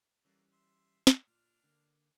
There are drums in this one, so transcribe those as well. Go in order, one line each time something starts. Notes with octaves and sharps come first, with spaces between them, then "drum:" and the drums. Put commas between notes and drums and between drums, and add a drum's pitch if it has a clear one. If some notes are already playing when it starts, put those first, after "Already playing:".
E3 G3 A3 A#3 C#4 D4
E5 C6
drum: snare
A#2 D4 F6
D3 A#3